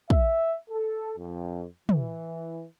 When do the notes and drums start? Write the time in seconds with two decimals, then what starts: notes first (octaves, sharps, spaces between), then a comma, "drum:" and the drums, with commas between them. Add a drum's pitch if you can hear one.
0.10 E5, drum: kick
0.70 A4
1.18 F2
1.89 E3, drum: tom